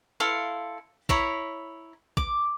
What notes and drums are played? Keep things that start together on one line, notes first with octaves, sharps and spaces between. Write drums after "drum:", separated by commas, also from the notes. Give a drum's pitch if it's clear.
E4 A4 F5 C6
E4 C#5 A#5 B5, drum: kick A#1
D6, drum: kick A#1